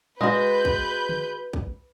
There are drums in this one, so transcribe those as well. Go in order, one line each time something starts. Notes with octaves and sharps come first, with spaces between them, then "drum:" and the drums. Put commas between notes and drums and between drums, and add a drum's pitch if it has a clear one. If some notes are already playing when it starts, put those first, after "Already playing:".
G#3 F#4 B4 G6, drum: tom A2
drum: kick
drum: tom
drum: kick